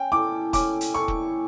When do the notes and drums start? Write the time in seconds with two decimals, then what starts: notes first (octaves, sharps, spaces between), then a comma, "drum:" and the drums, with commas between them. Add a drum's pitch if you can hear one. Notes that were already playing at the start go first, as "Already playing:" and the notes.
Already playing: C#4 G5
0.12 E4 A4 D6
0.53 C#4 D6, drum: kick, hi-hat
0.81 drum: hi-hat
0.94 E4 A4 C#6
1.08 drum: kick